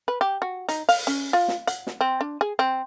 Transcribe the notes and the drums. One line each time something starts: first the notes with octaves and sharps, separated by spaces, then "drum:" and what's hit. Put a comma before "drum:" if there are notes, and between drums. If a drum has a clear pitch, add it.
B4
G4
F#4
D#4, drum: hi-hat
F5, drum: open hi-hat
C#4, drum: hi-hat
F4
drum: snare
F#5, drum: hi-hat
drum: snare
C4
D4
G#4
C4